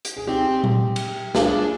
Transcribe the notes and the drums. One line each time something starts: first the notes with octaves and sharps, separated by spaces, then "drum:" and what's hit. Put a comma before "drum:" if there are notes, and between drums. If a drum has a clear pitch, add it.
drum: hi-hat
G#4
C4 D#4 G4
drum: tom A#2
drum: cymbal
D4 F4 G#4, drum: snare